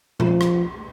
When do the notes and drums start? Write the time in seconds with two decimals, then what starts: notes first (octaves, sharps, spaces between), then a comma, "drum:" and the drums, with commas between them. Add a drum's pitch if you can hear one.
0.20 F3, drum: tom A#2
0.41 drum: rim click